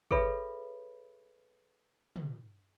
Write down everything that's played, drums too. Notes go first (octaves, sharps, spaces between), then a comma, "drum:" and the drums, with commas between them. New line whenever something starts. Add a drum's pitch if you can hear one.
G#4 A4 B4 C#5 E5 B5, drum: kick
drum: tom